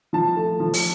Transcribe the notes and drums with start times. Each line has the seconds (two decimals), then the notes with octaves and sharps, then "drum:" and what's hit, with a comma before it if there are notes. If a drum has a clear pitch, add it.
0.13 F3 A5
0.37 A3
0.60 F3
0.74 drum: open hi-hat